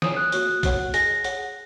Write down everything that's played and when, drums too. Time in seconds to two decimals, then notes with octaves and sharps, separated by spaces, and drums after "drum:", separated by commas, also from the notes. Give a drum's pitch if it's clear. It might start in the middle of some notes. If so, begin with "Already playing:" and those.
0.02 G#4 C#5 G#5 D#6, drum: snare
0.17 F#6
0.32 A#3 F#4 C#5, drum: hi-hat
0.63 A#3 F#4 C#5 F#5, drum: kick, hi-hat
0.94 G#4 D#5 G#5 A#6, drum: hi-hat
1.24 G#4 C#5 F#5, drum: hi-hat